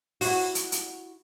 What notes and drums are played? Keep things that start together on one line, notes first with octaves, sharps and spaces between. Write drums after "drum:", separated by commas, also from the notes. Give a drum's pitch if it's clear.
E4 F#4, drum: open hi-hat
drum: hi-hat
drum: hi-hat